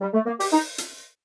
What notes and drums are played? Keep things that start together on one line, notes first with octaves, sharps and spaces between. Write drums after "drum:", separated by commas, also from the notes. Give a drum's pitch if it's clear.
G3
A3
A#3
G4, drum: open hi-hat
D#4
drum: hi-hat